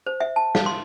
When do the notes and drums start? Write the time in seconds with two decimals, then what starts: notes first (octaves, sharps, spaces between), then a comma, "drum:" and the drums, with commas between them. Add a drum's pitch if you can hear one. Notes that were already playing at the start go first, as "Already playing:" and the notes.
0.06 C5
0.20 E5
0.36 A5
0.55 F5, drum: snare
0.66 C6